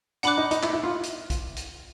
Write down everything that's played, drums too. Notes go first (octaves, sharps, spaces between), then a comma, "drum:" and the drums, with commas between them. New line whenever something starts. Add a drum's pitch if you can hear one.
D4 F#5 B5 D6 F#6, drum: hi-hat
D#4
D#4, drum: hi-hat
E4, drum: clap
E4
F4
drum: hi-hat
drum: kick B1, hi-hat
drum: hi-hat